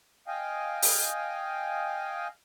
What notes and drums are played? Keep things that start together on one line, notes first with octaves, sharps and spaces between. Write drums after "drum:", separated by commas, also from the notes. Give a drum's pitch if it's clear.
D#5 F5 G5 G#5
drum: open hi-hat